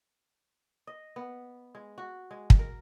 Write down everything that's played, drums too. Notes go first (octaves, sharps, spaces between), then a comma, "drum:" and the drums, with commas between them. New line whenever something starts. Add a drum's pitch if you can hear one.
D#5
B3
G#3
F#4
G#3
drum: kick
A#4